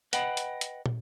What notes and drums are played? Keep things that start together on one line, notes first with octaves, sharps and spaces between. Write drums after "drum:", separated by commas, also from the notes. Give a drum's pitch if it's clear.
B4 D#5 F#5 G5 B5, drum: hi-hat
drum: hi-hat
drum: hi-hat
drum: tom